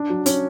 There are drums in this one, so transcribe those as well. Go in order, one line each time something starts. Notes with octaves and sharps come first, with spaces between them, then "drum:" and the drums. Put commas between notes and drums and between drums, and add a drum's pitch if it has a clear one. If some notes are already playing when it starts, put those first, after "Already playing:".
Already playing: D4
F#3
C#4, drum: hi-hat